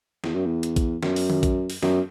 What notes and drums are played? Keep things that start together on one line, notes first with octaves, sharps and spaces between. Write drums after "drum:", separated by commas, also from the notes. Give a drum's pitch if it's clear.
E2, drum: snare
F#2
E2
drum: hi-hat
drum: kick A#1, hi-hat
F#2, drum: snare
drum: open hi-hat
drum: tom D#3
drum: kick A#1, hi-hat
drum: open hi-hat
F#2, drum: snare